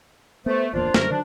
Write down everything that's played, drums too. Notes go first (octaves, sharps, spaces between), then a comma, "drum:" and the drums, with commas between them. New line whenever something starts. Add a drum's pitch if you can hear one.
A3 B3 C5
D1 E2 A#3 D4 F4 C5
F#2 D3 G3 A3 A#4, drum: snare
D3 D#3 F#3 D4